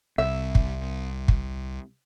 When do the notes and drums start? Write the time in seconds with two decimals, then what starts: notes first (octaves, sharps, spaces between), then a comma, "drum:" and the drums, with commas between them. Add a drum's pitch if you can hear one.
0.18 C2 E5
0.55 drum: kick
1.28 drum: kick